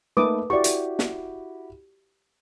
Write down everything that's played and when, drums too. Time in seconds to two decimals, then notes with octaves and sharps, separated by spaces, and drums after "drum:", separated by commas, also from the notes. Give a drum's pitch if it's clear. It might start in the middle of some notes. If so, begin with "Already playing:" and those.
0.17 A3 A#3 D#4 B4 D6 D#6
0.50 E4 F#4 G4 D5 C#6
0.64 drum: hi-hat
0.99 drum: snare